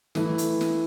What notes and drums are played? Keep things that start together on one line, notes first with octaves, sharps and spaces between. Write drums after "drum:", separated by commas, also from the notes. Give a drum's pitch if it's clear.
E3 A3 E4, drum: snare
drum: hi-hat
drum: snare